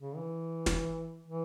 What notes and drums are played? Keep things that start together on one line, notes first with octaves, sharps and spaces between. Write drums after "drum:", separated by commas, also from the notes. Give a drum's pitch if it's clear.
C#3
E3
drum: snare
E3